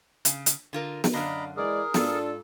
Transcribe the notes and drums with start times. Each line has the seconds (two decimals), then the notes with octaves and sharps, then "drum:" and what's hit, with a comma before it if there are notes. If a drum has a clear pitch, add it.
0.25 C#3, drum: hi-hat
0.46 drum: hi-hat
0.73 D3 F4 A#4
1.04 drum: snare
1.13 F#2 D3 D4 D#5 F5 A#5 B5
1.57 E3 G#3 E4 G#4 A#4 D5
1.94 G#2 D4 F4 A4, drum: snare